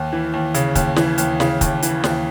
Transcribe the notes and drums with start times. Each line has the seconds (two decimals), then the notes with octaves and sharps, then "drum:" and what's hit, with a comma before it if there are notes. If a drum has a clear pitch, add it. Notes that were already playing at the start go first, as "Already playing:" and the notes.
Already playing: D#2
0.13 E3
0.34 D#2
0.54 C#3, drum: hi-hat
0.75 D#2, drum: kick, hi-hat
0.96 E3, drum: snare
1.18 D#2, drum: hi-hat
1.40 C#3, drum: snare
1.61 D#2, drum: kick, hi-hat
1.82 E3, drum: hi-hat
2.04 D#2, drum: snare